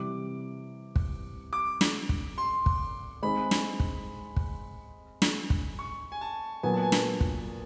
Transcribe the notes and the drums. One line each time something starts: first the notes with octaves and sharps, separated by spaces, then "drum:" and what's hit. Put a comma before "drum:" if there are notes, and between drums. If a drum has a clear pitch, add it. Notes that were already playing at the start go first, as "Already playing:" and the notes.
Already playing: C3 E3 G3 D6
drum: kick
D6
drum: snare
drum: kick
C6
drum: kick
G#3 C4 D#4 G#4 B5
drum: snare
drum: kick
drum: kick
drum: snare
drum: kick
C#6
G#5
A5
A#2 F#3 B3 G#5
A5
G#5
drum: snare
drum: kick